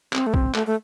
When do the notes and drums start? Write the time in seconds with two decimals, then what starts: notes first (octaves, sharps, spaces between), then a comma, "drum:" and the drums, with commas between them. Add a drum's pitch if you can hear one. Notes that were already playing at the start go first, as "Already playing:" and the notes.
0.13 C4, drum: clap
0.27 A3
0.34 C4, drum: kick
0.55 A3, drum: clap
0.67 A3